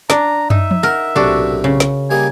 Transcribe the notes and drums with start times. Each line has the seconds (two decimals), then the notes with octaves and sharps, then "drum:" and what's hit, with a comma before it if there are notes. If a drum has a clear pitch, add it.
0.10 D4 A#5, drum: snare
0.50 D#4 E5, drum: tom
0.71 drum: tom F3
0.83 A#4 F#5
1.16 B1 A2 C3 D4 F#4
1.64 C#3
1.80 drum: snare
2.11 G3 A#3 D#5 G#5